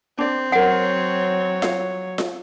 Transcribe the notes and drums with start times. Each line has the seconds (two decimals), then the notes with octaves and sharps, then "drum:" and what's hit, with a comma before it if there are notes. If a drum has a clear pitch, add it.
0.18 C4 D4 D5
0.52 F#3 A#4 C#5 F#5 G5
1.62 F5, drum: snare F4
2.18 drum: snare F4